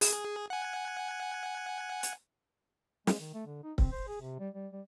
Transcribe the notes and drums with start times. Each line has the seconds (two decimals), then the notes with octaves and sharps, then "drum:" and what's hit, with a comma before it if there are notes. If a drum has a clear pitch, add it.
0.01 G#4, drum: open hi-hat
0.50 F#5 G#5
2.03 drum: hi-hat
3.07 G#3, drum: snare
3.20 D#3
3.34 A3
3.46 D3
3.63 D#4
3.78 C4, drum: kick C#1
3.92 C5
4.08 G#4
4.21 C3
4.39 G3
4.54 G3
4.73 G3